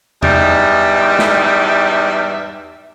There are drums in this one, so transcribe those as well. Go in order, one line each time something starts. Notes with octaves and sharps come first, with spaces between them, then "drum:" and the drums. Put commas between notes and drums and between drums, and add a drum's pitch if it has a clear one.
E2 G#2 G3 D#4 E5, drum: tom
drum: snare